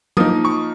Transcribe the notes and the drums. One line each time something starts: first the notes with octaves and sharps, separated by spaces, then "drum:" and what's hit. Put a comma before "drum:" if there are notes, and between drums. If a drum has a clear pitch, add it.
F3 A#3 D#4 D#6, drum: tom F#3
C#6